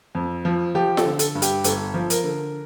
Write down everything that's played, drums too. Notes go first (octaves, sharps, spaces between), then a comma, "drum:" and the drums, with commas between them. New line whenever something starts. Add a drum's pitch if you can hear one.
F2
F3
F3 G4
A4, drum: snare F4
D3
A4, drum: hi-hat
G2
G4, drum: hi-hat
G1 A4, drum: hi-hat
F3
A#4, drum: hi-hat
D3